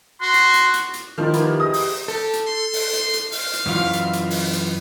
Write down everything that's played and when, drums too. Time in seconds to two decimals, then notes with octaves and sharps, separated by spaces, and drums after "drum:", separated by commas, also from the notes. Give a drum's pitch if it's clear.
0.21 F#4 C6
0.34 drum: hi-hat
0.54 drum: hi-hat
0.74 drum: hi-hat
0.94 drum: hi-hat
1.18 D#3 F3 G3 F4 A#4
1.34 A#3 B3 E4, drum: hi-hat
1.60 G4 G#4 D#5 D#6
1.73 drum: open hi-hat
2.08 G4 A4
2.33 drum: hi-hat
2.47 C6
2.73 drum: open hi-hat
2.93 drum: hi-hat
3.13 drum: hi-hat
3.32 F5, drum: open hi-hat
3.53 drum: hi-hat
3.66 F#2 E3 F4
3.93 drum: hi-hat
4.13 drum: hi-hat
4.30 B3, drum: open hi-hat
4.53 drum: hi-hat